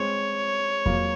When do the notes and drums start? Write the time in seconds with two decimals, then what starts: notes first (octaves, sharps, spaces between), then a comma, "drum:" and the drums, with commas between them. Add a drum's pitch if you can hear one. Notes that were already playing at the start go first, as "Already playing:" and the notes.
Already playing: G#3 C4 C#5
0.86 F#3 A#3, drum: kick E2